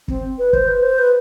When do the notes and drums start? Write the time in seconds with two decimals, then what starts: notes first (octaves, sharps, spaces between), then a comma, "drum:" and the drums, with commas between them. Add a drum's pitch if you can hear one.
0.08 C4, drum: kick
0.39 B4
0.53 C5, drum: kick
0.68 B4
0.83 C5
0.99 B4